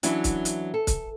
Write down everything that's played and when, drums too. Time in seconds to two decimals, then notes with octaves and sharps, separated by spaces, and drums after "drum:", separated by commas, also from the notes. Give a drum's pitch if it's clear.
0.03 E3 F#3 C#4 D4 E4, drum: hi-hat
0.24 drum: kick, hi-hat
0.45 drum: hi-hat
0.74 A4
0.87 drum: kick, hi-hat